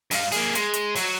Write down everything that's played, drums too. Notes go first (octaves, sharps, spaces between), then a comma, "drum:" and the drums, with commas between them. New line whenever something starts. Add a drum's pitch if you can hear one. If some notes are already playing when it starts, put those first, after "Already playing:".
G2 F5, drum: open hi-hat
A#3 G#4, drum: open hi-hat
G#3, drum: hi-hat
drum: hi-hat
F#3, drum: open hi-hat